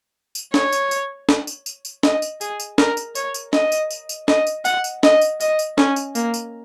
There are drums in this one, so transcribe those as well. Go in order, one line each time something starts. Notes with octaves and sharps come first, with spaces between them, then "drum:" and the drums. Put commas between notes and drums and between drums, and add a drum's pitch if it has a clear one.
drum: tambourine
C#5, drum: snare
drum: tambourine
drum: tambourine
drum: snare
drum: tambourine
drum: tambourine
drum: tambourine
D#5, drum: snare
drum: tambourine
G#4, drum: tambourine
drum: tambourine
A#4, drum: snare
drum: tambourine
C#5, drum: tambourine
drum: tambourine
D#5, drum: snare
drum: tambourine
drum: tambourine
drum: tambourine
D#5, drum: snare
drum: tambourine
F#5, drum: tambourine
drum: tambourine
D#5, drum: snare
drum: tambourine
D#5, drum: tambourine
drum: tambourine
C#4, drum: snare
drum: tambourine
A#3, drum: tambourine
drum: tambourine